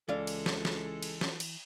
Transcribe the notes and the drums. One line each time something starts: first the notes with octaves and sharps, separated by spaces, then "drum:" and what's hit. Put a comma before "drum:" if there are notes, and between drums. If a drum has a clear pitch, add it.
C#2 E3 G#3 A4 D5 F5
drum: cymbal
drum: snare
drum: snare
drum: cymbal
drum: snare
drum: cymbal